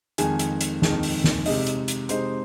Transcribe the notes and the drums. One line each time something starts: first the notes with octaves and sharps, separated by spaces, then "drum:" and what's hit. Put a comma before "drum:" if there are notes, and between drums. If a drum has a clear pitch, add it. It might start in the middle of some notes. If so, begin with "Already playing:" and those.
F2 D#3 G#3 G#5, drum: hi-hat
drum: hi-hat
drum: hi-hat
F2 D#3 G#3, drum: snare
drum: open hi-hat
drum: snare
C3 G#3 D#4 D#5, drum: open hi-hat
drum: hi-hat
drum: hi-hat
C3 G#3 D#4 C5, drum: hi-hat